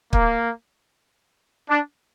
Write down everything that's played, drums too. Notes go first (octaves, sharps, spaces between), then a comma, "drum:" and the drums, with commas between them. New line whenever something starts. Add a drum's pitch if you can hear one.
A#3, drum: kick
D4